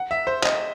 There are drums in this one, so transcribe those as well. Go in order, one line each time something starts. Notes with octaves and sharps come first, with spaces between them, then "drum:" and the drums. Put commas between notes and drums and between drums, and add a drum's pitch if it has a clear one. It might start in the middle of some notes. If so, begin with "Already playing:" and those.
Already playing: F#5
E5
C5
D#5, drum: clap